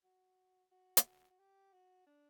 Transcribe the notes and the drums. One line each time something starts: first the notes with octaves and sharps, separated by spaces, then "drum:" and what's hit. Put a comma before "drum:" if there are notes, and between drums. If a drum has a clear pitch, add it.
F#4
F#4
E4, drum: hi-hat
F#4
F#4
G4
F#4
D4